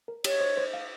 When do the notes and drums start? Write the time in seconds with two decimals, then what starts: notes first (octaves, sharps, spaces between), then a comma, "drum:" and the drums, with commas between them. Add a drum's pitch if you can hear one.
0.08 A#4
0.24 G4 C#5, drum: cymbal
0.41 C5
0.57 C5
0.74 F5